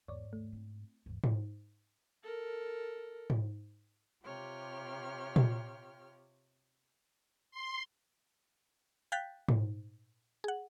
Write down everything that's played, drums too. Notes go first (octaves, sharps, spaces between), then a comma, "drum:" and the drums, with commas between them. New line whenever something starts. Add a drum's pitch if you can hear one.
E2 G#2 C#5 D5
D#2 A3
C4 E4
D#2 G#2 E3
drum: tom G#2
A4 A#4
drum: tom G#2
C3 F4 G4 C#5 G5 F6
drum: tom A#2
C6
F5 G5 F#6 G6 A6 B6
A#2, drum: tom G#2
G#4 F#5